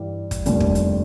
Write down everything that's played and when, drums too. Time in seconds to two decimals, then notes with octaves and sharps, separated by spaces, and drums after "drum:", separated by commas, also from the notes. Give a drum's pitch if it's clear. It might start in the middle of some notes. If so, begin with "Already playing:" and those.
Already playing: G2 E3 G3
0.31 drum: kick, hi-hat
0.46 F1 D#2 D3 G3, drum: hi-hat
0.60 drum: kick
0.75 drum: hi-hat